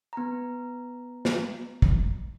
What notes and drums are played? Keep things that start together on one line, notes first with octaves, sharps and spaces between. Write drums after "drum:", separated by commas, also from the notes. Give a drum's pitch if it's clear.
B3 A#5
drum: snare
drum: kick